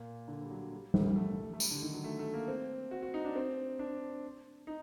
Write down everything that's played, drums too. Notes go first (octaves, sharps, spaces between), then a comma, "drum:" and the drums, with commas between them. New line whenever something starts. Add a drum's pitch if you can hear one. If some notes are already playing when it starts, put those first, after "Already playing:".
Already playing: A#2
D3
G3
F#3
G3
G3, drum: tom G3
A3
A3
G3, drum: tambourine
D3
D#3
F#3
A3
A3
A#3
C4
F#4
F#4
D#4
D4
C4
D4
D#4